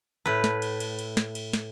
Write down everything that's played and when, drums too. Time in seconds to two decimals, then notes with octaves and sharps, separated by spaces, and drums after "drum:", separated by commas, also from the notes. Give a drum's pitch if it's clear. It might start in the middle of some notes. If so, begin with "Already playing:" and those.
0.26 A2 B4
0.44 drum: snare
0.62 drum: cymbal
0.80 drum: cymbal
0.99 drum: cymbal
1.17 drum: snare
1.35 drum: cymbal
1.53 drum: snare